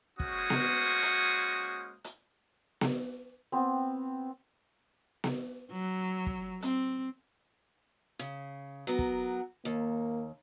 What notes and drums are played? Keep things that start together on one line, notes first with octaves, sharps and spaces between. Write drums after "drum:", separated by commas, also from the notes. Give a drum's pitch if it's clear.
G#3 A#3 C#4 F#4 C5 D#6, drum: kick
drum: snare B3
drum: hi-hat
drum: hi-hat
drum: snare B3
B3 C4
drum: snare B3
F#3
drum: kick
C4, drum: hi-hat
C#3
F#3 B3 A#4
drum: kick
D#2 A#3